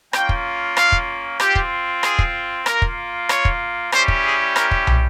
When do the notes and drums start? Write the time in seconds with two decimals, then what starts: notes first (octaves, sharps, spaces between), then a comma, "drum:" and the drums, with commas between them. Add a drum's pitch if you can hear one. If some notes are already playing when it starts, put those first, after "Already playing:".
0.13 A#3 C#4 F4 G5, drum: rim click
0.29 drum: kick
0.77 F5, drum: rim click
0.92 drum: kick
1.40 C4 F4 G4, drum: rim click
1.55 drum: kick
2.03 G#4, drum: rim click
2.19 drum: kick
2.66 A#3 F4 A#4, drum: rim click
2.82 drum: kick
3.29 C#5, drum: rim click
3.45 drum: kick
3.92 G3 C#4 E4 G4 C5, drum: rim click
4.08 drum: kick
4.24 G#4
4.56 A#4, drum: rim click
4.71 drum: kick
4.87 drum: tom